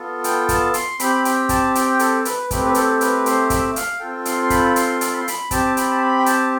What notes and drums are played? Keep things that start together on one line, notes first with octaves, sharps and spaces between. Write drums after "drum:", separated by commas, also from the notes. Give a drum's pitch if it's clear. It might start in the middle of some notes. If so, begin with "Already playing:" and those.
Already playing: B3 F4 A4
G5, drum: hi-hat
A5, drum: kick, hi-hat
C6, drum: hi-hat
C4 G4 B5, drum: hi-hat
G5, drum: hi-hat
A5, drum: kick, hi-hat
G5, drum: hi-hat
A4, drum: hi-hat
B4, drum: hi-hat
A3 C4 G4 B4, drum: kick, hi-hat
B4
A4, drum: hi-hat
B4, drum: hi-hat
C5, drum: hi-hat
E5, drum: kick, hi-hat
F5, drum: hi-hat
C4 F4 A4 G5
C6, drum: hi-hat
C6
B5, drum: kick, hi-hat
C6, drum: hi-hat
drum: hi-hat
B5
C6
B5, drum: hi-hat
C4 G4 A5, drum: kick, hi-hat
B5, drum: hi-hat
A5
B5
G5
A5, drum: hi-hat